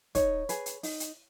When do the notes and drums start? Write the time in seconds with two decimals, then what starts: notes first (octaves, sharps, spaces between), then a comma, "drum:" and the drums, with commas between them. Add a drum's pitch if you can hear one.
0.15 D#4 C#5, drum: kick, hi-hat
0.49 G#4 B4, drum: hi-hat
0.66 drum: hi-hat
0.83 D#4, drum: open hi-hat
1.00 drum: hi-hat